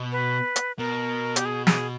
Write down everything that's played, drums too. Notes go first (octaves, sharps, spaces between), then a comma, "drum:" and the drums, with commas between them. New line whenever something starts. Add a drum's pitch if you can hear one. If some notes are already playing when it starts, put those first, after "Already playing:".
Already playing: B2
B4
drum: hi-hat
B2 A#4
G4, drum: hi-hat
G#4
G#4, drum: snare